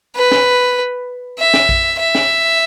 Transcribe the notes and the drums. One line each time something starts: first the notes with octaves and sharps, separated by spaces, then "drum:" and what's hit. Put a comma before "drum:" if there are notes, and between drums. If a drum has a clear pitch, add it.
B4
drum: snare
E5
drum: snare
drum: kick A#1
E5
drum: snare